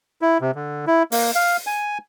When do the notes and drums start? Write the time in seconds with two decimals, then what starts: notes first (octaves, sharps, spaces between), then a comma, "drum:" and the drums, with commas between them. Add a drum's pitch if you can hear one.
0.22 E4
0.41 C3
0.55 D3
0.87 E4
1.12 A#3, drum: open hi-hat
1.35 F5
1.67 G#5